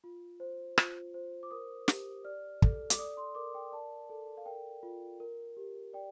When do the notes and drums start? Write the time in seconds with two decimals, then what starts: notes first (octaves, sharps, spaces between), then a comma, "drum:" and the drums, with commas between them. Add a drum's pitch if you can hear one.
0.04 F4
0.40 C5
0.78 F4, drum: rim click
1.14 C5
1.43 D6
1.51 A#4 D#6
1.88 G4, drum: snare
2.24 D5 F6
2.62 A4, drum: kick
2.90 D6, drum: hi-hat
2.98 D5 D#6
3.17 C6
3.35 A#4 D6
3.54 G5
3.72 D5 A5
4.10 A4
4.37 F5
4.46 A#4 G5
4.83 F4
5.20 A#4
5.57 G4
5.93 D5 G5